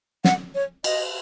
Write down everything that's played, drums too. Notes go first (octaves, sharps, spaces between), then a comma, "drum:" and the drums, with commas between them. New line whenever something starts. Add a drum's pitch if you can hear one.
F#5, drum: snare
C#5
D#5, drum: cymbal